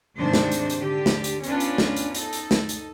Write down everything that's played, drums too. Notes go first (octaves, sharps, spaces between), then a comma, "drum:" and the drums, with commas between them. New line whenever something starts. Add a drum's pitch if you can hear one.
G#2 C3 D#3 D4 C5
drum: snare
drum: hi-hat
drum: hi-hat
D3 G4
drum: snare
drum: hi-hat
B3 C#4 D4 F4, drum: hi-hat
drum: hi-hat
drum: snare
drum: hi-hat
D#4 A4, drum: hi-hat
drum: hi-hat
drum: snare
drum: hi-hat